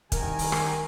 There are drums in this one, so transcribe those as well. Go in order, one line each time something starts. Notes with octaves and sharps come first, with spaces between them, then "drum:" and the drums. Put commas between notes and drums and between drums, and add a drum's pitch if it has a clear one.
C2 D#3 G4 A#4 G#5, drum: kick, hi-hat
drum: open hi-hat
drum: rim click